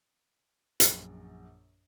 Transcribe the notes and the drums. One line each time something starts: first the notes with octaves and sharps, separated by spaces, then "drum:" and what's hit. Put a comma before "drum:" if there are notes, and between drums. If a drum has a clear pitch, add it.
A#1 F#2, drum: hi-hat